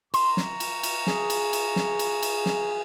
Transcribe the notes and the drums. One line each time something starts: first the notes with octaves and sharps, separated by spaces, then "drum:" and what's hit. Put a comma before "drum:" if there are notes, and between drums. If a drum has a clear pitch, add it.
A#5 C6 C#6, drum: cymbal
drum: snare
drum: cymbal
drum: cymbal
G#4, drum: snare
drum: cymbal
drum: cymbal
drum: snare
drum: cymbal
drum: cymbal
drum: snare